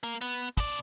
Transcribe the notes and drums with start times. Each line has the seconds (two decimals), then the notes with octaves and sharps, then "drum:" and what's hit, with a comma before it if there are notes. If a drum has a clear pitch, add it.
0.03 A#3
0.21 B3
0.57 B2 D5, drum: kick, hi-hat